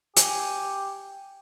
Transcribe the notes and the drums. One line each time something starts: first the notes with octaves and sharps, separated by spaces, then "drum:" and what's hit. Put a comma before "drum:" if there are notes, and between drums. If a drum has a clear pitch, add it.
G4 G#5, drum: hi-hat